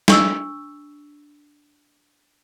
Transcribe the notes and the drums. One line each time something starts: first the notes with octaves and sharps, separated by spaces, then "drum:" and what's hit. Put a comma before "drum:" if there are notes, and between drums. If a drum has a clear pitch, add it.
D4 C#6 E6, drum: snare